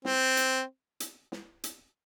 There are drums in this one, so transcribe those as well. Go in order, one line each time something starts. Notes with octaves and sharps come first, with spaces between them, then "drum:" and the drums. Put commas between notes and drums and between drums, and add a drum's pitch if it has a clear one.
C4, drum: snare
drum: hi-hat
drum: hi-hat
drum: snare
drum: hi-hat